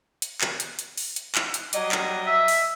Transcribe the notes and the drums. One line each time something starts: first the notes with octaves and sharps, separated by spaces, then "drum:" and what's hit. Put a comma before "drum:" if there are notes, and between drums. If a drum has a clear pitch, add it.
drum: hi-hat
drum: clap
drum: hi-hat
drum: hi-hat
drum: open hi-hat
drum: hi-hat
drum: clap
drum: hi-hat
F#3 G3 D#5, drum: hi-hat
drum: clap
E5
drum: open hi-hat